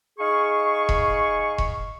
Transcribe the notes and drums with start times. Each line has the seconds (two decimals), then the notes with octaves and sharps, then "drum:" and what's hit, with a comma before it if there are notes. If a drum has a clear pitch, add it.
0.19 D#4 G#4 F5 G#5 C#6
0.89 drum: kick E1
1.58 drum: kick E1